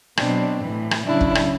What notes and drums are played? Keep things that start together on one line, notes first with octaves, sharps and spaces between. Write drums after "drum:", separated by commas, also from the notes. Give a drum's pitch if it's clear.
B2 F#3 C4 D4, drum: rim click
A2 E3
drum: rim click
C#3 F#3 D4 E4
drum: kick
drum: rim click